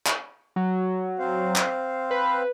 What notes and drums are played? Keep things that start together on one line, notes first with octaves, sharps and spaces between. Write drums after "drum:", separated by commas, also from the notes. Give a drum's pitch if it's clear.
drum: clap
F#3
C4 C5 F5
drum: clap
B4